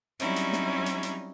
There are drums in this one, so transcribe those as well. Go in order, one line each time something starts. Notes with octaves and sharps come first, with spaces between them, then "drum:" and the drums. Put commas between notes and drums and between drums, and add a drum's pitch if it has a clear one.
F#3 G3 C4 C#4 D#4 E4, drum: hi-hat
drum: hi-hat
drum: snare
drum: hi-hat
drum: hi-hat